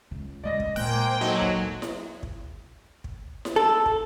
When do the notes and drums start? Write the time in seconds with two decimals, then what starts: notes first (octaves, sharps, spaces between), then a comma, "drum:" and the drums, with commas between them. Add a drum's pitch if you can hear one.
0.11 C#2
0.43 C#3 G#3 D5 D#5 A#6
0.60 drum: kick
0.76 A#2 G#3 A#3 C5 G5 G#5 F#6
1.21 F#3 D#4 A4
1.41 drum: kick
1.82 drum: snare E4
2.23 drum: kick
3.04 drum: kick
3.45 drum: snare E4
3.56 A4
3.86 drum: kick